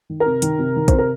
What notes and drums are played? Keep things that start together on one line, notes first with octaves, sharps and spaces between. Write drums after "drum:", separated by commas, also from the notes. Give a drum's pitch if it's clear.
D#3
A#4
C3
D#3, drum: hi-hat
C3
D#3
C3 C5, drum: kick, hi-hat
A#4